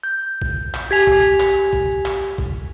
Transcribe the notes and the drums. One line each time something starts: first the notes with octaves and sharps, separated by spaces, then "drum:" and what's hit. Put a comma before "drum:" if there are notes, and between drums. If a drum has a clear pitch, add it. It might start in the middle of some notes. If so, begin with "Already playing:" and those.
G6
drum: kick
drum: clap
G4 G#5 G#6 B6 F7
drum: kick
drum: clap
drum: kick
drum: clap
drum: kick